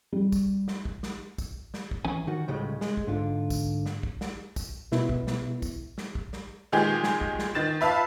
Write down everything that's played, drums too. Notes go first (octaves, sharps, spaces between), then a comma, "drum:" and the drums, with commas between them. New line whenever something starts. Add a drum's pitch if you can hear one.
G3
drum: kick, tambourine
drum: snare
drum: kick
drum: snare
drum: kick, tambourine
drum: snare
drum: kick
E3 C#4 G#5
D#3 F#4
C#2 A2 C#3 G3 G#3
G#3, drum: snare
drum: kick
G#2 D3 F4
drum: kick, tambourine
drum: snare
drum: kick
drum: snare
drum: kick, tambourine
B2 B3 E4, drum: snare
drum: kick
drum: snare
drum: kick, tambourine
drum: snare
drum: kick
drum: snare
A#2 D#3 G#3 G4 G#4
drum: snare
drum: kick
drum: snare
D#3 A6 E7
B4 E5 F5 A5